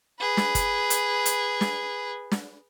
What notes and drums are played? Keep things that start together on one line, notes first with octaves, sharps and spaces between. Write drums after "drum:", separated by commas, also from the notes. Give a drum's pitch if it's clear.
G#4 B4
drum: snare
drum: kick G1, hi-hat
drum: hi-hat
drum: hi-hat
drum: snare
drum: snare